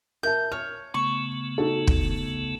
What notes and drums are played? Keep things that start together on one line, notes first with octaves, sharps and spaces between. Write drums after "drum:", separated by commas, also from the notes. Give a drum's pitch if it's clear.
A#4 E5 A5 G6
C#5 F6
C#3 A3 B3 C#6
D#4 F#4 A4
drum: kick